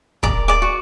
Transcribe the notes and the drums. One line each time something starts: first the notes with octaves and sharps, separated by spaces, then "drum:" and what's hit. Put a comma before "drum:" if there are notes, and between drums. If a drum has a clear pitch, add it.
A#4 D5 D6, drum: kick
D5 D6
F#4